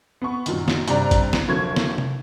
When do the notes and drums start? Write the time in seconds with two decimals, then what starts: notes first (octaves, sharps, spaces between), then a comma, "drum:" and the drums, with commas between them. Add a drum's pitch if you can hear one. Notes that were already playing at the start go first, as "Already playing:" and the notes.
0.22 B3 C#6
0.46 F#2 A#2 D#3, drum: hi-hat
0.68 drum: snare
0.88 G2 C3 D5 A#5, drum: hi-hat
1.11 drum: kick G#1, hi-hat
1.33 drum: snare
1.47 F1 D3 F#3 A#3 C#6 G#6
1.76 drum: snare
1.98 drum: tom C3